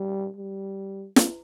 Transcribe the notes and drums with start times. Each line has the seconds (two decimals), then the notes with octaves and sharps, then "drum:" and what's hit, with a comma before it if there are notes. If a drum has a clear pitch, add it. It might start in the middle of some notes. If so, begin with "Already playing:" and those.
Already playing: G3
0.37 G3
1.16 drum: snare